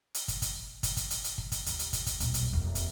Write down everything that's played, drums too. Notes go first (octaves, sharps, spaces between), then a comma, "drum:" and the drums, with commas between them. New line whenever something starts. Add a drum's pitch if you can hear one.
drum: hi-hat
drum: kick, hi-hat
drum: kick, hi-hat
drum: kick, hi-hat
drum: kick, hi-hat
drum: hi-hat
drum: hi-hat
drum: kick
drum: kick, hi-hat
D#2, drum: hi-hat
drum: hi-hat
drum: kick, hi-hat
drum: kick, hi-hat
D#1 B1, drum: hi-hat
drum: hi-hat
F1 D#2
drum: hi-hat